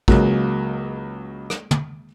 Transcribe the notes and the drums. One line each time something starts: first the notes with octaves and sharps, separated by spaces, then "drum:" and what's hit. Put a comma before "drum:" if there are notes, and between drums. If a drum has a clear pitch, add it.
C#2 F#3 G#3 A#3 G#4, drum: kick
drum: rim click
drum: tom